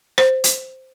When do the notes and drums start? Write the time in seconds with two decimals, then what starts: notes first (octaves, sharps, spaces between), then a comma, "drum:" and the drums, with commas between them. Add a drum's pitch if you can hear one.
0.18 C5, drum: rim click
0.44 drum: hi-hat